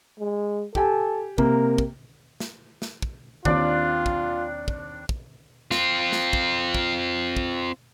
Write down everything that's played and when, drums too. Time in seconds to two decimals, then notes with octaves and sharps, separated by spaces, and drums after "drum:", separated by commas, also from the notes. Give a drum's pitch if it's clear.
0.19 G#3
0.75 G4 A4 G#5, drum: kick
1.38 C3 A#3 A#4, drum: kick
1.78 drum: kick
2.40 drum: snare
2.82 drum: snare
3.02 drum: kick
3.45 D#2 C4 D4 F4 D5, drum: kick
4.06 drum: kick
4.68 drum: kick
5.09 drum: kick
5.71 C4 F4, drum: snare
6.12 drum: snare
6.33 drum: kick
6.75 drum: kick
7.37 drum: kick